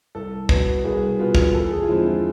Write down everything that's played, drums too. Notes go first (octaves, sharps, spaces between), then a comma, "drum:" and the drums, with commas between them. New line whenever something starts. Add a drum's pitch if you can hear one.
C2 A4
B2 B3, drum: kick
C2 G#4
B2 B3 F4
drum: kick
E2 A4
G#4
F4
D3 F3 G#3 C4 E4
F4